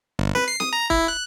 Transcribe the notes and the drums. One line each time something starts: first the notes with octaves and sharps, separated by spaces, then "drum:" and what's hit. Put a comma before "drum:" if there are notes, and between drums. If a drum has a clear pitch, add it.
G1
B4, drum: snare
C7
D#6, drum: snare
A#5
E4, drum: kick
F#6